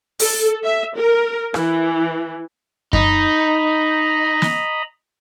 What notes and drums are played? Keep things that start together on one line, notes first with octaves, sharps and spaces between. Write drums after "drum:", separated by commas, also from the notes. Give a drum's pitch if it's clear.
A4, drum: open hi-hat
E5
A#4
E3, drum: rim click
D#4 D#5 A#5 B5, drum: kick F#2
drum: snare